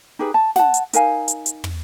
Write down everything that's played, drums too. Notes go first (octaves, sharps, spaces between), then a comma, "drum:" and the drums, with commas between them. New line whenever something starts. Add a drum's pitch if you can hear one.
D#4 G4 G#4 B4
A5
F#5 A5, drum: snare
drum: hi-hat
D#4 A#4 F5 G#5, drum: hi-hat
drum: hi-hat
drum: hi-hat
drum: tom